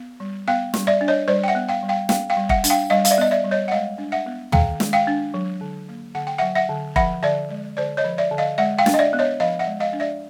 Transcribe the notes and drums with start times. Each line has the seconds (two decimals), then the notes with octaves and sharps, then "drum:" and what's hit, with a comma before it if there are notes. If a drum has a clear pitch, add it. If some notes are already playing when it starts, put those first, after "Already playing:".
Already playing: B3
0.20 G3
0.48 B3 F5 G5
0.74 G3, drum: snare
0.87 D5 E5
1.01 D4
1.08 C#5 D#5
1.28 G3 C5 D5
1.44 G5
1.48 E5 F#5
1.55 B3
1.69 F5 G5
1.83 G3
1.89 F5 G5
2.09 B3 F5 G5, drum: snare
2.30 F5 G5
2.37 G3
2.49 E5 F#5, drum: kick F1
2.64 D4, drum: hi-hat
2.70 F5 G5
2.90 G3 D#5 F5
3.05 F5, drum: hi-hat
3.11 D5 E5
3.18 B3 D#5
3.31 D5 E5
3.44 G3
3.51 C#5 D#5
3.68 F#5
3.71 G#3 D#5 F5
3.98 D4
4.12 E5 F#5
4.26 B3
4.52 D#3 F5 G5, drum: tom
4.80 G#3, drum: snare
4.93 F5 G5
5.07 D4
5.34 F#3
5.61 D3
5.89 A#3
6.15 D3 F#5
6.27 G5
6.38 F#3 E5 F#5
6.55 E5 F#5
6.69 D3
6.96 F3 E5 F#5, drum: kick F1
7.23 D3 D5 E5
7.50 G#3
7.77 D3 C5 D5
7.97 C#5 D#5
8.04 F3
8.18 D5 E5
8.31 D3
8.38 D#5 F5
8.58 G#3 E5 F#5
8.78 F5 G5
8.86 D4, drum: snare
8.94 D#5
8.99 D5 E5
9.13 B3
9.19 C#5 D#5
9.40 F3 D#5 F5
9.59 E5 F#5
9.67 G#3
9.80 D#5 F5
9.93 D4
10.00 D5 E5